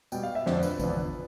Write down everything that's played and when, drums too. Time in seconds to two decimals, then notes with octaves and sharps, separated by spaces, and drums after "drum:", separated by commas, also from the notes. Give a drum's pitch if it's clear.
0.12 B2 G3 G5, drum: tambourine
0.23 F5
0.35 E5
0.46 F2 D3 F3 C5, drum: snare
0.63 B4, drum: tambourine
0.79 E2 D3 F3, drum: kick G#1, tambourine
0.96 drum: tom D3